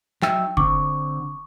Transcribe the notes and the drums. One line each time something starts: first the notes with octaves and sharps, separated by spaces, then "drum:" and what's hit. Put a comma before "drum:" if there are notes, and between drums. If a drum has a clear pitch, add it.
F#3 D#4 E5 G5, drum: clap
D3 C4 C#6 D6, drum: kick F#1